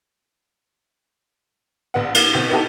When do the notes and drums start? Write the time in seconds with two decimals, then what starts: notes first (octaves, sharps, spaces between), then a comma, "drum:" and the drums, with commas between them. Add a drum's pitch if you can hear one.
1.94 A#1 B3 F#5
2.14 A#3, drum: cymbal
2.33 B2 C4 G6 A6 B6
2.50 B3 D#4 E4 F#4 G4 A4